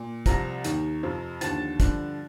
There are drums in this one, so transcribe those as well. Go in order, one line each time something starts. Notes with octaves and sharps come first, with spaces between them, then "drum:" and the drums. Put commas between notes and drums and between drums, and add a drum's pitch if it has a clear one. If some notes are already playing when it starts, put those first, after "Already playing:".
Already playing: A#2
C2 C3 F3 A#5 A#6, drum: kick, hi-hat
D#2 D#3, drum: hi-hat
F2 C3 F3
D#2 D3 F3 A5 A6, drum: hi-hat
G2 D3 F3, drum: kick, hi-hat